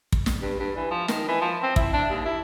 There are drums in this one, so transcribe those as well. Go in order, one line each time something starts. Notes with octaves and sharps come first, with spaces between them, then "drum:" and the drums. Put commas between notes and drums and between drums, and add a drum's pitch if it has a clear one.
drum: kick
drum: snare
G2
G2
E3
F3
D#3, drum: snare
E3
F3
C4
E4, drum: kick
D4
D#2
E4